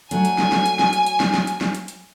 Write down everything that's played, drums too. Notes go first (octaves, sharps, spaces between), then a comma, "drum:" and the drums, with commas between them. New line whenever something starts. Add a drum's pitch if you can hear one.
F#3 A3 D4 G#5, drum: hi-hat
drum: hi-hat
drum: snare
drum: snare
drum: hi-hat
drum: snare
drum: hi-hat
drum: hi-hat
drum: snare
drum: snare
drum: hi-hat
drum: snare
drum: hi-hat
drum: hi-hat